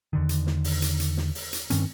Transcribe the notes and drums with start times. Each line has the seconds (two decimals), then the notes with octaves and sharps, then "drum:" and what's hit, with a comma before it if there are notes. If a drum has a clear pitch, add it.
0.13 E2 D3 D#3
0.29 drum: hi-hat
0.47 drum: snare
0.64 drum: open hi-hat
0.82 drum: hi-hat
1.00 drum: hi-hat
1.17 drum: snare
1.35 drum: open hi-hat
1.53 drum: hi-hat
1.70 G2 D#3 C4 C#4, drum: hi-hat